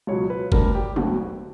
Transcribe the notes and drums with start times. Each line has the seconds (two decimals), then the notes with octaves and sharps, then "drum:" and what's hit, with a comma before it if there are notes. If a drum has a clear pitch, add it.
0.07 C#2 B2 F#3 C#5
0.30 B4
0.52 D2 D3 G3 A#4, drum: kick F#1
0.75 G4
0.96 E1 D2 D3 F#3 F#4, drum: tom